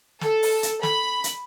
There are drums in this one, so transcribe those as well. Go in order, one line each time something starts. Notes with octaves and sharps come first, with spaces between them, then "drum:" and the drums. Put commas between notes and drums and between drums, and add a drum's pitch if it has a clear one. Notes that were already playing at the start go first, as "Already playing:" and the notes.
A4, drum: snare
drum: open hi-hat
drum: hi-hat
B5, drum: snare
drum: hi-hat